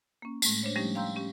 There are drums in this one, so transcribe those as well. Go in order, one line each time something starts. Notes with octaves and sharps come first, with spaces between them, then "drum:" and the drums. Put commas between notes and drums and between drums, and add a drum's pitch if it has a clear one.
A#3 C#4
A2 G#3 A3, drum: tambourine
D4 C5 C#5
F3 G3 A3 C#4 D#4 G4
F5 G5 A#5 C6 E6 G6
C#4 G4